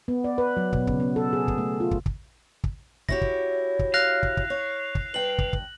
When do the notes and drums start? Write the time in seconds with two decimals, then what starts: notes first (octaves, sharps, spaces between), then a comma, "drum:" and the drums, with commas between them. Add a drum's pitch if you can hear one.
0.08 B3
0.24 D5
0.38 B4
0.57 F#3
0.73 B2, drum: kick
0.87 C#3, drum: kick
1.00 B3
1.16 A4
1.33 G#4
1.48 drum: kick
1.58 A3
1.80 F4
1.91 drum: kick
2.06 drum: kick
2.64 drum: kick
3.09 E4 F#4 G4 C#5 A#6, drum: kick
3.21 drum: kick
3.79 drum: kick
3.94 F5 F#6 A#6
4.23 drum: kick
4.37 drum: kick
4.50 C#5
4.95 drum: kick
5.14 G2 B4 G5 F#7
5.38 drum: kick
5.53 drum: kick